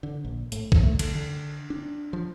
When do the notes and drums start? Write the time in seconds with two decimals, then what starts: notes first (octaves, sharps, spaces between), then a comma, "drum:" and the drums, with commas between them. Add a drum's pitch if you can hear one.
0.03 D3
0.25 A#1
0.52 A2, drum: hi-hat
0.72 drum: kick A#1
0.83 A3
0.99 D3, drum: cymbal
1.15 D3
1.70 D4
2.13 F3